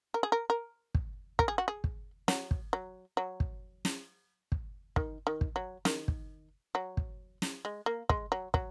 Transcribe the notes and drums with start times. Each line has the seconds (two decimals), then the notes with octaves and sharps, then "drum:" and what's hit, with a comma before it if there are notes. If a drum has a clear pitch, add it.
0.14 A#4
0.23 G#4
0.32 A#4
0.50 A#4
0.95 drum: kick
1.39 A#4, drum: kick
1.48 G#4
1.58 F#4
1.68 G#4
1.84 drum: kick
2.28 F#3, drum: snare
2.51 drum: kick
2.73 F#3
3.17 F#3
3.40 drum: kick
3.85 drum: snare
4.52 drum: kick
4.96 D#3, drum: kick
5.27 D#3
5.41 drum: kick
5.56 F#3
5.85 D#3, drum: snare
6.08 drum: kick
6.75 F#3
6.97 drum: kick
7.42 drum: snare
7.65 G#3
7.86 A#3
8.09 G#3, drum: kick
8.32 F#3
8.54 F#3, drum: kick